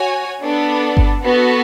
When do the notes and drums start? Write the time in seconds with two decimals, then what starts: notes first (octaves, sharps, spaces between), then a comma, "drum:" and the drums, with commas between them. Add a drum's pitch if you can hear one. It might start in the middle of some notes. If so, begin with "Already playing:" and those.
Already playing: F#4 C#5 G#5
0.43 B3 D4 A4
0.97 drum: kick G1
1.24 B3 F#4 A4